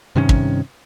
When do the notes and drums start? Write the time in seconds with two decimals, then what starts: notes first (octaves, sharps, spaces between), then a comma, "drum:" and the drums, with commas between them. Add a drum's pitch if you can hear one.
0.16 G2 C3 D#3 C#4
0.29 drum: kick